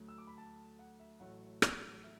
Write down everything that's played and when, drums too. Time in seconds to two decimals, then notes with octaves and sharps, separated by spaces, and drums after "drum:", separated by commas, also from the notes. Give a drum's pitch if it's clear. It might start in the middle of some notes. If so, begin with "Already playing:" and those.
Already playing: D2 D3 F#3 A3
0.08 E6
0.18 D6
0.27 B5
0.38 A5
0.79 F#5
0.99 E5
1.20 A1 A2 F#3 A3 F#5
1.62 drum: rim click
2.04 E5